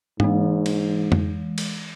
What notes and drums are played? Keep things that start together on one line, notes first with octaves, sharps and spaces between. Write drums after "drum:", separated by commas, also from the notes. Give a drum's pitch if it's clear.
G#2 E3 G#3, drum: tom G#2
drum: cymbal
drum: tom F2
drum: cymbal